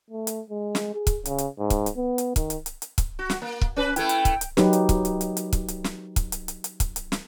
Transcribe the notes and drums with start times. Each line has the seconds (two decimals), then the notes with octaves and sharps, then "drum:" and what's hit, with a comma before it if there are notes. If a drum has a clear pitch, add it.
0.10 A3
0.27 drum: hi-hat
0.50 G#3
0.75 drum: snare
0.94 G#4
1.07 drum: kick, hi-hat
1.25 C#3, drum: hi-hat
1.38 drum: hi-hat
1.59 G#2
1.70 drum: kick, hi-hat
1.86 drum: hi-hat
1.96 B3
2.18 drum: hi-hat
2.36 D#3, drum: kick, hi-hat
2.50 drum: hi-hat
2.66 drum: hi-hat
2.82 drum: hi-hat
2.98 drum: kick, hi-hat
3.19 F#4
3.30 drum: snare
3.42 A#3
3.61 drum: kick
3.76 C#4 B4
3.96 A3 E4 G5, drum: hi-hat
4.09 drum: hi-hat
4.25 drum: kick, hi-hat
4.41 drum: hi-hat
4.57 F#3 D#4 G4 B4, drum: snare
4.73 drum: hi-hat
4.89 drum: kick, hi-hat
5.05 drum: hi-hat
5.21 drum: hi-hat
5.37 drum: hi-hat
5.53 drum: kick, hi-hat
5.68 drum: hi-hat
5.84 drum: snare
6.16 drum: kick, hi-hat
6.32 drum: hi-hat
6.48 drum: hi-hat
6.64 drum: hi-hat
6.80 drum: kick, hi-hat
6.96 drum: hi-hat
7.12 drum: snare